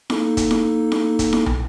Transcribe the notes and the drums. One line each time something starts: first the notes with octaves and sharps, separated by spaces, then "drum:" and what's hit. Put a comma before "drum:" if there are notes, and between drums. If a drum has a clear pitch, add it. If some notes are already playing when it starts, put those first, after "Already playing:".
A#3 D#4 A4, drum: snare E4
drum: kick, hi-hat
drum: snare E4
drum: snare E4
drum: kick, hi-hat
drum: snare E4
drum: tom